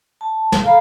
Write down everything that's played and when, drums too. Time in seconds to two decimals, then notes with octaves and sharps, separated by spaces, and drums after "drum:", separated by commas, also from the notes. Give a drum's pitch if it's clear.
0.21 A5
0.52 drum: snare
0.64 A4 F5 A#5 B5